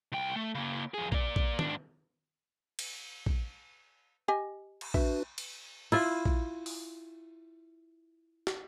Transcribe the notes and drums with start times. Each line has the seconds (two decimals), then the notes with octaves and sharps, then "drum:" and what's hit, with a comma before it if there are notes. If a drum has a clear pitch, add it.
0.12 C2 G5
0.36 A3
0.55 C#3 A#3
0.94 F2 G#4
1.12 A#3 D5, drum: kick
1.36 drum: kick
1.59 G#2 D4, drum: tom
2.79 drum: cymbal
3.26 drum: kick
4.28 G4 D#5 G#5
4.81 drum: cymbal
4.94 D4 F#4 B4 E5, drum: kick
5.38 drum: cymbal
5.92 E4 F4 E5, drum: cymbal
6.26 drum: kick
6.66 drum: open hi-hat
8.47 drum: snare